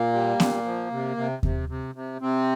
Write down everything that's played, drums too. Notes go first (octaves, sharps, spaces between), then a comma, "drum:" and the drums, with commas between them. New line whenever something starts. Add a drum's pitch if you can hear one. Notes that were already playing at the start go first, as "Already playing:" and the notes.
Already playing: A#2 A#3
G3
A#2, drum: snare B3
F3
C3
C3
C3, drum: kick D#2
C3
C3
C3 C4